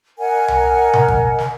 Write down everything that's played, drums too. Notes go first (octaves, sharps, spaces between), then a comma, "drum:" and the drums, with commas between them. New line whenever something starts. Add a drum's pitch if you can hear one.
A#4 D#5 F#5 G#5
drum: tom C2
drum: tom B2
drum: kick G#1
drum: snare